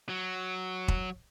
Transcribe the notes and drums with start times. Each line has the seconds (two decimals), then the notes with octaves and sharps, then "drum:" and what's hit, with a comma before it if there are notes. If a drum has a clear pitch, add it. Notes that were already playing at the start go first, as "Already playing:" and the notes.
0.09 F#3
0.88 drum: kick